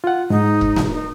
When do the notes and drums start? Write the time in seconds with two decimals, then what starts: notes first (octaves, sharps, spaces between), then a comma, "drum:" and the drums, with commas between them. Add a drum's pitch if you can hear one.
0.04 F4 F#5
0.30 G#2 D#4
0.61 drum: kick E1
0.76 drum: snare A#3
0.92 D#4